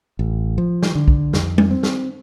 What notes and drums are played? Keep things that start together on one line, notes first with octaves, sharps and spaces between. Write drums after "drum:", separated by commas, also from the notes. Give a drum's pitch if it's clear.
A1
F3
drum: snare
D3
drum: kick B1
F2, drum: snare
drum: tom G3
C4
drum: snare